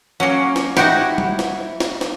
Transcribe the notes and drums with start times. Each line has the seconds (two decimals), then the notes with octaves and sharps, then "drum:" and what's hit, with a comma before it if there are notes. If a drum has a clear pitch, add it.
0.20 F#3 A#3 C#4
0.56 drum: snare
0.77 D#4 E4 F#4 G4 F#5, drum: snare
1.18 drum: tom G3
1.39 drum: snare
1.80 drum: snare
2.01 drum: snare